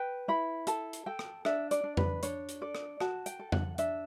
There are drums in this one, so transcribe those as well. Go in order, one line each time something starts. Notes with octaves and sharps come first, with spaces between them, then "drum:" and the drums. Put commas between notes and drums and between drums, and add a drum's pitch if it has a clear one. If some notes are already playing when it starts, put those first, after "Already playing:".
Already playing: B4 G5
E4 B5
A4 A5, drum: hi-hat
drum: hi-hat
A4 G5
drum: rim click
D4 E5, drum: rim click
D5, drum: hi-hat
D4
B4, drum: tom F2
D4 C#5, drum: hi-hat
drum: hi-hat
A4 D5
drum: rim click
F#4 A5, drum: rim click
G5, drum: hi-hat
A4
F#5, drum: tom F2
D4 E5, drum: hi-hat